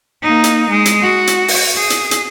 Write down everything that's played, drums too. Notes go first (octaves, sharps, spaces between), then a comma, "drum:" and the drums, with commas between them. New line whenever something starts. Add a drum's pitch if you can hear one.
A#3 D#4
drum: hi-hat
G#3
drum: hi-hat
F#4
drum: hi-hat
drum: open hi-hat
G#4
drum: hi-hat
drum: hi-hat